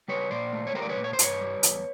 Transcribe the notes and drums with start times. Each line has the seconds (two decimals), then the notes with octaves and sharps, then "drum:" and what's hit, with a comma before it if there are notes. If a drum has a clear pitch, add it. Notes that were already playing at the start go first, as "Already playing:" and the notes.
0.08 G3 B4 C#5
0.31 A#2 C5 D5
0.53 A3
0.67 C#5
0.75 G3 A#4 C5
0.82 D5
0.89 B4 C#5
0.97 A#2
1.04 C#5
1.13 C5
1.19 G2 B4 C#5, drum: hi-hat
1.41 G3
1.63 E2, drum: hi-hat